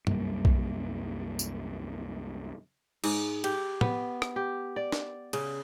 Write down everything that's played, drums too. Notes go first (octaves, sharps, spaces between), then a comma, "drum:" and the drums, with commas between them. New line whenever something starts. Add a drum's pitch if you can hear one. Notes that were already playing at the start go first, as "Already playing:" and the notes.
C2 F#2 G3 A#3, drum: tom G2
drum: kick B1
drum: tambourine
G#2, drum: cymbal
G4, drum: cymbal
B3, drum: tom
drum: rim click
G4
D5
drum: snare
C#3, drum: cymbal